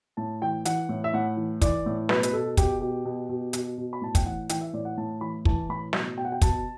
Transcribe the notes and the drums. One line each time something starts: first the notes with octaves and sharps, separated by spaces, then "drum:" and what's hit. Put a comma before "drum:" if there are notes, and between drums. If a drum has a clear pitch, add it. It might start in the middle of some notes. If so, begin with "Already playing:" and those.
A2 A5
E3 G5
E3 F#5, drum: hi-hat
A2
E5
A2 F#5
E3
E3 D5, drum: kick, hi-hat
A2
B2 B4, drum: snare
B4, drum: hi-hat
B2 A4
B2 G4, drum: kick, hi-hat
B2 G4
B2
B2
B2, drum: hi-hat
B2
B5
A2 A5
G5, drum: kick, hi-hat
E3 F#5
E3 G5, drum: hi-hat
E5
A2 D5
F#5
A2 A5
E3 B5
E3 A5, drum: kick
A2 B5
B2, drum: snare
B2 G5
F#5
G5
B2 A5, drum: kick, hi-hat